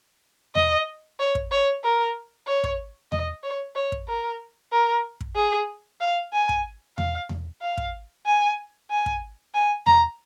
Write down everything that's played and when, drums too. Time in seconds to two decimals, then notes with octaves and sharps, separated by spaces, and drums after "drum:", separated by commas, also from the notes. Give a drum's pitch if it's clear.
0.55 D#5, drum: tom E2
1.19 C#5
1.35 drum: kick
1.51 C#5
1.84 A#4
2.47 C#5
2.64 drum: kick
3.12 D#5, drum: tom E2
3.43 C#5
3.75 C#5
3.92 drum: kick
4.08 A#4
4.72 A#4
5.21 drum: kick
5.36 G#4
6.01 F5
6.33 G#5
6.49 drum: kick
6.98 F5, drum: tom E2
7.29 drum: tom E2
7.62 F5
7.78 drum: kick
8.26 G#5
8.91 G#5
9.06 drum: kick
9.54 G#5
9.86 A#5, drum: tom E2